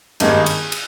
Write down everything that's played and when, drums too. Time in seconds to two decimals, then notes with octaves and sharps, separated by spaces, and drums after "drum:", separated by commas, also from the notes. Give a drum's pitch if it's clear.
0.20 G#1 G2 D#3 A#3 D#4 G#4, drum: cymbal
0.46 drum: cymbal
0.72 drum: cymbal